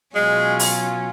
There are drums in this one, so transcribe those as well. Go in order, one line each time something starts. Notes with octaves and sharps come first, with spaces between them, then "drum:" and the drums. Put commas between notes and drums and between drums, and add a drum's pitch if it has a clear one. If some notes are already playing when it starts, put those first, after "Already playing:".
B2 F#3 G#3 C#4 F4
drum: open hi-hat